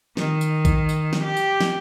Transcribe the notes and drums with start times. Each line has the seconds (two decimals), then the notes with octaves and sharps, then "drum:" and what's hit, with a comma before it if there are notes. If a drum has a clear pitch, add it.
0.17 D#3, drum: snare
0.41 drum: tambourine
0.65 drum: kick A#1, tambourine
0.89 drum: tambourine
1.13 drum: snare
1.24 G4
1.37 drum: tambourine
1.61 drum: snare